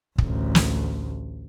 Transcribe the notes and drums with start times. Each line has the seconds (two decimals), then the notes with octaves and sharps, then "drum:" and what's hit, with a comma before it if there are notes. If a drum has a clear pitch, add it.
0.18 A1 D2, drum: kick
0.55 drum: snare